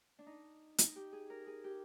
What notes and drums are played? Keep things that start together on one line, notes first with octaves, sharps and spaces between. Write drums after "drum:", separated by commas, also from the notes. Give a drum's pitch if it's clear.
D4
D#4
D#4, drum: hi-hat
G4
G#4
A#4
G#4
G4